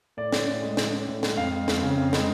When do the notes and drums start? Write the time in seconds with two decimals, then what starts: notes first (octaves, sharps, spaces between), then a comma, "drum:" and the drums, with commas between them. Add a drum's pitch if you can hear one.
0.17 A2 D5
0.32 C#4, drum: snare
0.47 A2
0.62 G#3
0.77 A2, drum: snare
0.93 C#4
1.08 A2
1.23 G#3, drum: snare
1.37 F2 F5
1.53 G#3
1.68 F2, drum: snare
1.83 C#3
1.98 F2
2.13 G#3, drum: snare